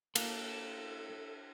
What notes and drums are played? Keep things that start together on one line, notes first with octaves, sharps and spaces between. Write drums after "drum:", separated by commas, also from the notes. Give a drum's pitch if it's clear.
A#3 A4, drum: cymbal